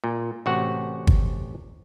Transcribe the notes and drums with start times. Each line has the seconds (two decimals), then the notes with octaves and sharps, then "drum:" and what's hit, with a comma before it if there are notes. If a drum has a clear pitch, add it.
0.04 A#2
0.46 A1 C3 F#4 F#5
1.07 drum: kick